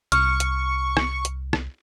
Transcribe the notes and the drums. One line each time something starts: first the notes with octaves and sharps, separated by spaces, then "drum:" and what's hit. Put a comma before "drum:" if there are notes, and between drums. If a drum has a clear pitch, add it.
C2 C#6 F6, drum: hi-hat
drum: hi-hat
drum: rim click
drum: hi-hat
drum: rim click